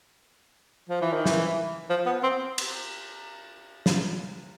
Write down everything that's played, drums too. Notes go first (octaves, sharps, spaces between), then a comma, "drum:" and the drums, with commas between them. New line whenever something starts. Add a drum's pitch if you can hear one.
F3
E3
D#3
E3, drum: snare
F3
B3
C4
drum: cymbal
drum: snare